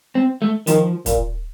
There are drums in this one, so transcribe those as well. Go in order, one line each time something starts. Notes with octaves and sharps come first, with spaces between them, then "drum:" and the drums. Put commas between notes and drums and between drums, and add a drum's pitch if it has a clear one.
C4
A3
D#3 F3, drum: hi-hat
A#2, drum: kick, hi-hat